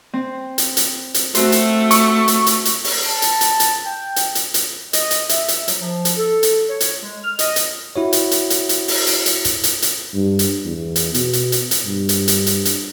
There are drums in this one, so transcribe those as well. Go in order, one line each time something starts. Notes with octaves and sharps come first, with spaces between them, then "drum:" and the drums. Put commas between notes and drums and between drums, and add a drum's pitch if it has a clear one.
C4
drum: hi-hat
drum: hi-hat
drum: hi-hat
A3 C4 F#4 C5, drum: hi-hat
drum: hi-hat
C#6, drum: hi-hat
drum: hi-hat
drum: hi-hat
drum: hi-hat
drum: open hi-hat
A5
drum: hi-hat
drum: hi-hat
drum: hi-hat
G5
drum: hi-hat
drum: hi-hat
drum: hi-hat
D#5, drum: hi-hat
drum: hi-hat
E5, drum: hi-hat
drum: hi-hat
F#3, drum: hi-hat
F3
drum: hi-hat
A4
drum: hi-hat
C#5
drum: hi-hat
G#3
F6
D#5, drum: hi-hat
drum: hi-hat
E4 F#4 C#5
drum: hi-hat
drum: hi-hat
drum: hi-hat
drum: hi-hat
drum: open hi-hat
drum: hi-hat
drum: hi-hat
drum: hi-hat
drum: hi-hat
drum: hi-hat
G2
drum: hi-hat
E2
drum: hi-hat
B2, drum: hi-hat
drum: hi-hat
drum: hi-hat
drum: hi-hat
G2
drum: hi-hat
drum: hi-hat
drum: hi-hat
drum: hi-hat